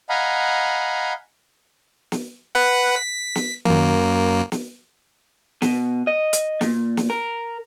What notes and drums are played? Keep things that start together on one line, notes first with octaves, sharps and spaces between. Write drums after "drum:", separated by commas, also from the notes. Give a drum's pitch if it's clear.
D#5 F5 F#5 G#5 A#5 B5
drum: snare
B4 F#5
B6
drum: snare
F#2 A#3, drum: tom D#3
drum: snare
B2, drum: snare
D#5
drum: hi-hat
A#2, drum: snare
drum: snare
A#4